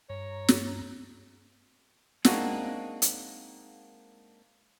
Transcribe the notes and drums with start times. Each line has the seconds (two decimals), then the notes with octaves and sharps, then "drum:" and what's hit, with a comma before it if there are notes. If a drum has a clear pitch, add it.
0.10 G2 C#5 A#5
0.48 drum: snare
2.25 G#3 A#3 C4 D4 D#4 F#4, drum: snare
3.02 drum: hi-hat